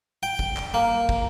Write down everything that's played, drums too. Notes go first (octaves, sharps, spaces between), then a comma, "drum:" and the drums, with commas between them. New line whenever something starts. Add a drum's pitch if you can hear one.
G5
drum: kick
drum: clap
A#3
drum: kick